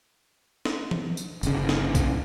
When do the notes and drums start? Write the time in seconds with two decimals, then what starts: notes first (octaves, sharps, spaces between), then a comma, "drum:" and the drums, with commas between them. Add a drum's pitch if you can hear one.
0.65 drum: snare
0.91 drum: tom E3
1.17 drum: tambourine
1.43 G1 C#3, drum: tambourine
1.69 drum: snare
1.95 drum: kick B1, tambourine